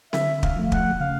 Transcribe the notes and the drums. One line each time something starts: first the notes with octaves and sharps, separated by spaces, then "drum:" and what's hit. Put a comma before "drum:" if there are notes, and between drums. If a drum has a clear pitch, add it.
D3 E5, drum: snare C4
F5, drum: kick
F3 A3
F#5, drum: kick
C#3 F5